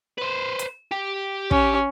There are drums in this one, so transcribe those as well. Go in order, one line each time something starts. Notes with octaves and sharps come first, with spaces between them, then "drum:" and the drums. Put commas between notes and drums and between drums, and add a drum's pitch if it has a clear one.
B4 C5
drum: hi-hat
G4
C#4, drum: kick